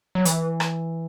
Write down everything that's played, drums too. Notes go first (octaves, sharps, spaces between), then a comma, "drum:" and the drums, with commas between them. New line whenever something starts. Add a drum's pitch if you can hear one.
F#3
E3, drum: hi-hat
drum: rim click